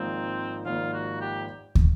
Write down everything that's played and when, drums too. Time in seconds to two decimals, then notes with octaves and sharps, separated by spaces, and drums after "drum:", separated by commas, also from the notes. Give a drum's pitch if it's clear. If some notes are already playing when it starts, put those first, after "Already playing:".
Already playing: G#1 G#2 F3 A#3 C4 D#4
0.66 G#1 G#2 F3 A#3 D#4 F4
0.93 F#4
1.21 G4
1.75 drum: kick